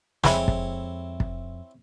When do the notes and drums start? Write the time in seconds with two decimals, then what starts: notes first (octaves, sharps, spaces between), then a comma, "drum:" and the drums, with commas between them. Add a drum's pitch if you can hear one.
0.24 F2 G#3 C4 E4 C#5 B5, drum: snare
0.48 drum: kick
1.20 drum: kick